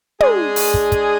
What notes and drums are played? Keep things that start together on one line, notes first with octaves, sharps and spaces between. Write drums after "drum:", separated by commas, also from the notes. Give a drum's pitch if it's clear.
G#3 D4 G#4, drum: tom
drum: open hi-hat
drum: kick
drum: kick, hi-hat